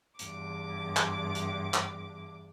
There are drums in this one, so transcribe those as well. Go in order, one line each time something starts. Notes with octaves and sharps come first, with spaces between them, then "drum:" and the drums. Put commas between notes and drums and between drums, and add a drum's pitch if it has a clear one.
E2 G2 D6, drum: hi-hat
drum: clap
drum: hi-hat
drum: clap